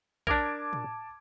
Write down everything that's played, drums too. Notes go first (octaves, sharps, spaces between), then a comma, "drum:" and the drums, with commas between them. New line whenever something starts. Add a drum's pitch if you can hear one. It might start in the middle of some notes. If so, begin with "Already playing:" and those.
D4 A#4 A5 D6 G#6, drum: kick A#1
drum: tom A2